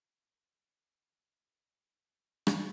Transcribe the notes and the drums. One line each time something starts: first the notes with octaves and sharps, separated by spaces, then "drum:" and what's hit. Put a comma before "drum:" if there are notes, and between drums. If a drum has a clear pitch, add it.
D4 F4 C6 D6
B2 D#3 F#3 G3
drum: rim click